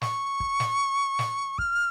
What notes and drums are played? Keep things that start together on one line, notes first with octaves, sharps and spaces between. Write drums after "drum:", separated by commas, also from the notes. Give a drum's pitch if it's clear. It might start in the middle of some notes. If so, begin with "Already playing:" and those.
C#6, drum: snare
drum: kick
drum: snare
drum: snare
F6, drum: kick